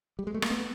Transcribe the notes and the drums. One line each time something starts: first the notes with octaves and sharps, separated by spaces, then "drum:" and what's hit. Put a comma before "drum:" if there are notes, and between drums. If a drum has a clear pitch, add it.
G3
G#3
A3
A#3, drum: rim click
A3 B3